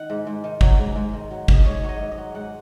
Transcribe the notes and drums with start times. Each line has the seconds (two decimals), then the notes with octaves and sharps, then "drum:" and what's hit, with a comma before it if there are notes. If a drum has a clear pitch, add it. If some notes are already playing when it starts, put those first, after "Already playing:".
Already playing: D#3 D#5 F#5
0.10 G#2
0.27 G#2
0.44 D#3
0.61 F#3, drum: kick
0.78 G#2
0.95 G#2
1.13 D#3
1.31 F#3
1.48 G#2, drum: kick
1.54 D#5
1.65 G#2 C#5
1.83 F#3 C#5
1.89 D#5
2.00 G#2
2.12 D#5
2.18 F#3
2.34 G#2 F#5